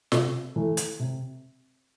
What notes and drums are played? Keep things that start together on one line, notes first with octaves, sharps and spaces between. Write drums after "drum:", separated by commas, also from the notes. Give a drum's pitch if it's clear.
C3, drum: snare
E3 A3
drum: hi-hat
C3